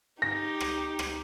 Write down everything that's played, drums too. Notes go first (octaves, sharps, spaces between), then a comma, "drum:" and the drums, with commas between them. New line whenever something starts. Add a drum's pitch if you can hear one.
D#4 G4 A#6
drum: rim click
drum: rim click